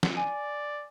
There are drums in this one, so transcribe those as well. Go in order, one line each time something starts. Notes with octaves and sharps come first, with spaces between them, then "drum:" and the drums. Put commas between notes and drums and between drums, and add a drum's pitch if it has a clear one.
drum: snare
D5 G#5